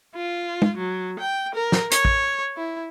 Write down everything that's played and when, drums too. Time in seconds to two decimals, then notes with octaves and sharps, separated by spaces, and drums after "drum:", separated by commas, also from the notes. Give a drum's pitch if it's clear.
0.15 F4
0.62 drum: tom
0.77 F#3
1.19 G5
1.55 A#4
1.72 drum: snare
1.91 C#5, drum: hi-hat
2.05 drum: kick
2.56 E4